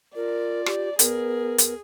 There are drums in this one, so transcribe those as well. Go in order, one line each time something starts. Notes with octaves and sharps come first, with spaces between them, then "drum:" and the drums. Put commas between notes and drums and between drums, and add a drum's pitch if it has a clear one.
F4 A#4 D5
G4, drum: rim click
B3 G#4 A#4, drum: hi-hat
drum: hi-hat